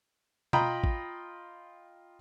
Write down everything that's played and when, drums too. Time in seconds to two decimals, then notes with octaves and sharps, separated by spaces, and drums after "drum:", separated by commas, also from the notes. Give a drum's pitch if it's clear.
0.53 F4 D#5 G5 A#5 B5, drum: tom B2
0.84 drum: kick A1